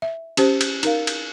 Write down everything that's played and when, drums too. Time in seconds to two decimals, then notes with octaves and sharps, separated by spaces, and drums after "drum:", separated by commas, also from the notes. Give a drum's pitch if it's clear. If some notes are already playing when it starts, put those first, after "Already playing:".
0.02 E5
0.37 C#4 G4 C5, drum: cymbal
0.61 drum: cymbal
0.83 D#4 A#4 F5, drum: cymbal
1.07 drum: cymbal